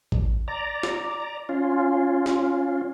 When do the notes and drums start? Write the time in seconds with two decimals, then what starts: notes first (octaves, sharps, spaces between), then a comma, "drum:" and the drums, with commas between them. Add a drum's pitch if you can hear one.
0.12 drum: kick
0.48 D5 A#5
0.83 drum: snare
1.49 C#4 F4
2.26 drum: snare